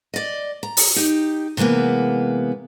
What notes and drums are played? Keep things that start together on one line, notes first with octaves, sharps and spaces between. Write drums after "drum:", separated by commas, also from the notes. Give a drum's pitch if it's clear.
D5 D#5
A#5
drum: open hi-hat
D#4 G4
C3 E3 G#3 A#3 B3